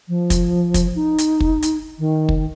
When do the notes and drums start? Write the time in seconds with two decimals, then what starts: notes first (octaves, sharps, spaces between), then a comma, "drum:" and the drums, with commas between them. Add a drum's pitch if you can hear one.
0.08 F3
0.30 drum: kick, hi-hat
0.74 drum: kick, hi-hat
0.95 D#4
1.18 drum: hi-hat
1.40 drum: kick
1.62 drum: hi-hat
1.99 D#3
2.29 drum: kick